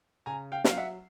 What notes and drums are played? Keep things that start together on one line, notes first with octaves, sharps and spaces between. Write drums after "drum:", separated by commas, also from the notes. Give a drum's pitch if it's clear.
C#3 G#5 A#5
F5 G5
F#3, drum: snare
F5
E5 F#5